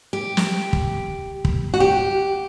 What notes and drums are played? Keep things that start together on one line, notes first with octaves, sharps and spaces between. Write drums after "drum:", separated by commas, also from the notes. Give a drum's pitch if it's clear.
G4
drum: snare
drum: kick
drum: kick
F#4
G4